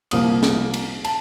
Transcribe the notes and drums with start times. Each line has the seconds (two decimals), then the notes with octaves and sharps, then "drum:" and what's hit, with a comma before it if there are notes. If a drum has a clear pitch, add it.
0.11 C2 A#2 F3 A#3 D#6, drum: cymbal
0.43 drum: snare
0.74 drum: cymbal
1.05 A5, drum: cymbal